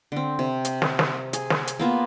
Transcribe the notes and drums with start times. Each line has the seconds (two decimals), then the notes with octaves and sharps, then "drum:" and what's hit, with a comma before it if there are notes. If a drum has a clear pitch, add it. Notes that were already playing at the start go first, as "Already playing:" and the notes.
0.12 D3 C4
0.39 C3
0.65 drum: hi-hat
0.82 drum: snare
0.99 drum: snare
1.33 G#4, drum: hi-hat
1.50 drum: snare
1.67 drum: hi-hat
1.79 A#3 B3 F4 E5